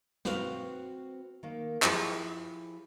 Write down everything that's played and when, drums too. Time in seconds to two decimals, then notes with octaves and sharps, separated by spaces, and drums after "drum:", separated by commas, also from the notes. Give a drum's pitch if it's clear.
0.25 C4 F#4 B4 C5 F5, drum: snare
1.43 D#3 A#3
1.82 F3 E4 F4 G4 G#4, drum: clap